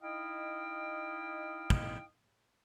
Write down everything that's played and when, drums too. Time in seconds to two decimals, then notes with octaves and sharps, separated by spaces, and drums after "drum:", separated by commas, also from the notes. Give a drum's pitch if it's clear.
0.02 D#4 E4 D#5 F5 G5
1.70 drum: kick